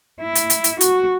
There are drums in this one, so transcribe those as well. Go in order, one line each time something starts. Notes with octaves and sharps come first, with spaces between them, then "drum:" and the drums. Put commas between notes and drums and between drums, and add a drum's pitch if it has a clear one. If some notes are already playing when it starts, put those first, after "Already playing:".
E4
drum: hi-hat
drum: hi-hat
drum: hi-hat
F#4, drum: hi-hat